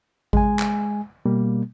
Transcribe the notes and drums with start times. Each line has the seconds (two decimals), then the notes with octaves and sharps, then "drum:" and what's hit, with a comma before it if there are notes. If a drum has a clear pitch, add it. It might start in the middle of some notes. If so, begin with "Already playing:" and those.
0.33 G#3 G#5, drum: kick G#1
0.59 drum: clap
1.26 B2 G3 A#3